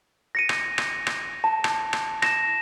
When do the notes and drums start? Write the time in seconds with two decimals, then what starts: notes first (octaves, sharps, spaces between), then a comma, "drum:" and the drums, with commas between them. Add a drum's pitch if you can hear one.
0.35 A#6 C#7 D#7
0.49 drum: rim click
0.78 drum: rim click
1.07 drum: rim click
1.44 A5
1.64 drum: rim click
1.93 drum: rim click
2.22 A#6 E7, drum: rim click